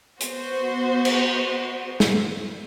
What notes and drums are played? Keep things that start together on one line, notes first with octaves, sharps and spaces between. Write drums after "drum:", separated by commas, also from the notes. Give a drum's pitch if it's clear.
B3 F#4 C5, drum: hi-hat
drum: cymbal
drum: snare